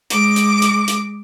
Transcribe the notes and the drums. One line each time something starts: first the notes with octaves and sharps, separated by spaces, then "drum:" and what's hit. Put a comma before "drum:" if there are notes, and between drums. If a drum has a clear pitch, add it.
G#3 D6, drum: hi-hat
drum: hi-hat
drum: hi-hat
drum: hi-hat